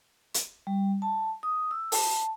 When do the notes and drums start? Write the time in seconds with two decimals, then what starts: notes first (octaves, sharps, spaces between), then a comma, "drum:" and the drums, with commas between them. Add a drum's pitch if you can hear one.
0.34 drum: hi-hat
0.67 G3
1.02 A5
1.43 D#6
1.71 E6
1.92 A5, drum: open hi-hat